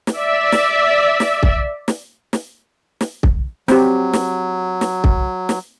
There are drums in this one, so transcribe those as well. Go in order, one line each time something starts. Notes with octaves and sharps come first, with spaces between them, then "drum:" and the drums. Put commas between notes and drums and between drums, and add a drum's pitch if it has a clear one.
drum: snare
D5 E5
drum: snare
drum: snare
drum: kick
drum: snare
drum: snare
drum: snare
drum: kick
F#3 C4 G4, drum: snare
drum: snare
drum: snare
drum: kick
drum: snare